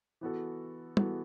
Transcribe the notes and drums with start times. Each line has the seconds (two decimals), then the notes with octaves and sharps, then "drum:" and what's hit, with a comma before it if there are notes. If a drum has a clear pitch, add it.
0.21 E3 B3 F#4 A4
0.97 E3 B3 F#4 A4, drum: tom